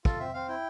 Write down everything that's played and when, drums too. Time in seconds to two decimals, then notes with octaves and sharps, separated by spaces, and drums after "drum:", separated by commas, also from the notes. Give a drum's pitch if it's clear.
0.05 F4 A4, drum: kick
0.19 C4 E5
0.34 C4 F5
0.48 E4 G5